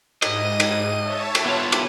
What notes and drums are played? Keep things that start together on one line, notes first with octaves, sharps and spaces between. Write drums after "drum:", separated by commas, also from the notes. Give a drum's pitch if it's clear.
G#2 D#5 D#7, drum: cymbal
drum: cymbal
C#5 E5 A5
drum: cymbal
B3 F4
drum: cymbal